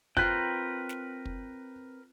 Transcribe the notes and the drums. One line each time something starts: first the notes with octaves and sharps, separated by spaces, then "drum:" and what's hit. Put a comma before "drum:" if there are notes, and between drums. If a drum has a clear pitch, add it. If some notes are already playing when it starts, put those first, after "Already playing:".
C4 F4 A#4 B4 G5 F#6, drum: kick
drum: snare
drum: kick